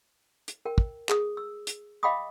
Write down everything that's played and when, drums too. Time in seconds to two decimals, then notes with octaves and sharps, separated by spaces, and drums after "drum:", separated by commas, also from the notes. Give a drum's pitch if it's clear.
0.48 drum: hi-hat
0.66 A#4 G5
0.78 drum: kick
1.09 G#4 D#6, drum: clap
1.37 E6
1.67 drum: hi-hat
2.03 D#5 F5 G5 B5 D6 D#6